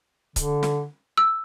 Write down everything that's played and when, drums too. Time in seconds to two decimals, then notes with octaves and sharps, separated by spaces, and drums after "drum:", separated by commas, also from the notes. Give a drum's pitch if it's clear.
0.36 D3, drum: kick C#1, hi-hat
0.63 drum: snare
1.18 E6